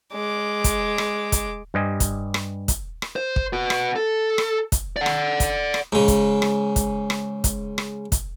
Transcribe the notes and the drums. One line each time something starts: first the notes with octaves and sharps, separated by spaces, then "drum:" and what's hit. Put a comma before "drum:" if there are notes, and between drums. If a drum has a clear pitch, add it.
G#3 D6
drum: kick, hi-hat
drum: rim click
drum: kick, hi-hat
G2 G3 C5 D#5 G#5
drum: kick, hi-hat
drum: rim click
drum: kick, hi-hat
drum: rim click
C5
drum: kick
B3 F#4
drum: rim click
A4
drum: rim click
drum: kick, hi-hat
D5 F#5
drum: rim click
drum: kick, hi-hat
drum: rim click
G#2 C#3
drum: kick, hi-hat
drum: rim click
drum: kick, hi-hat
drum: rim click
drum: kick, hi-hat
drum: rim click
drum: kick, hi-hat